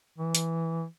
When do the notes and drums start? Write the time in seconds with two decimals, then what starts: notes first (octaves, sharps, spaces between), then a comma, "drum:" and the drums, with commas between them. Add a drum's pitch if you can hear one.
0.18 E3
0.35 drum: hi-hat